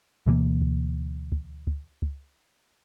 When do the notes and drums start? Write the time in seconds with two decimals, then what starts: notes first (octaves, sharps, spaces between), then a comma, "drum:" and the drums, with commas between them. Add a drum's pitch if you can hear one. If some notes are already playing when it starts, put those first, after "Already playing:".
0.26 D2 B2 E3 A#3
0.62 drum: kick
1.32 drum: kick
1.67 drum: kick
2.02 drum: kick